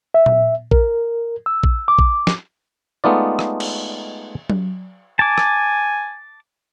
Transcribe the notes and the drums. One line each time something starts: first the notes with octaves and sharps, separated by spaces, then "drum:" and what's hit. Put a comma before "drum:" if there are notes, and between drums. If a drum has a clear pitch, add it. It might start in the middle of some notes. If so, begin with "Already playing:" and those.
E5
drum: tom A#2
A#4, drum: kick
E6
drum: kick
D6
drum: kick
drum: snare
G#3 A3 B3 D#4 F4 D5
drum: rim click
drum: cymbal
drum: tom F#3
G#5 A5 D6
drum: rim click